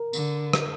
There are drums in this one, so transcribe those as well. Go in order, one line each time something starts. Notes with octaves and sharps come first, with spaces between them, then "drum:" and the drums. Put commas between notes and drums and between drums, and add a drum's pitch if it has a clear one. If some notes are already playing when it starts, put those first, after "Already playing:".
Already playing: A#4
D3, drum: tambourine
drum: rim click